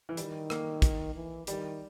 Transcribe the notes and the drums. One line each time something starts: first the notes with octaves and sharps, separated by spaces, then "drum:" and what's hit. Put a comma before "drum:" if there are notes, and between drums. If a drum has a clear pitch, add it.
E3
D#3 G3, drum: hi-hat
A#3, drum: rim click
drum: kick, hi-hat
E3
D#3 G3, drum: hi-hat